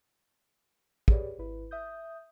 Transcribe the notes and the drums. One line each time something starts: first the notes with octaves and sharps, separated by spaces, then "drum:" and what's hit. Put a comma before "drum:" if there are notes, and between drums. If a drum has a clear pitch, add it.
G4 G#4 B4 C#5 D5, drum: kick
G#1 E4 B4
E5 D#6 G6